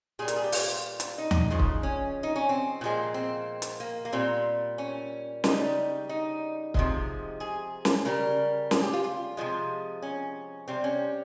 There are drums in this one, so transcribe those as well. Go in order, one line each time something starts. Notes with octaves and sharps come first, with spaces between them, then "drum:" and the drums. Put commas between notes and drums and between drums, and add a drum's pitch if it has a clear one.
A#2 G3 G#4
A#4, drum: hi-hat
G#4
G4
F4, drum: open hi-hat
drum: hi-hat
D#4
drum: tom D#2
C#3 F3 G#3
drum: kick C#1
C#4
D#4
C#4
C4
A#2 F3 G#3
C4
drum: hi-hat
A#3
A#3
A#2 G3 C4
C#4
C#3 G3 D#4, drum: snare
D#4
C3 F3 G#3, drum: kick C#1
G#4
drum: snare
C#3 G3 A#4
G#4, drum: snare
G4
F4
F4
C3 F3 G#3
C#4
C3 G3 C4
C#4